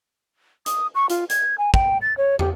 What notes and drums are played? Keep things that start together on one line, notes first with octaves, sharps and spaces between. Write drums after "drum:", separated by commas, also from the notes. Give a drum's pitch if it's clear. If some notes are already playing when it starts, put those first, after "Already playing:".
D#6, drum: hi-hat
C#6
F4, drum: hi-hat
G#6, drum: hi-hat
G#5
G5, drum: kick
A6
C#5
G4, drum: tom